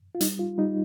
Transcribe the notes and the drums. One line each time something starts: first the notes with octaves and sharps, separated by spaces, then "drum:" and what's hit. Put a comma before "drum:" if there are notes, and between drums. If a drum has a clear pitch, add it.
F4
G3 D#4, drum: hi-hat
F4
G3 D#4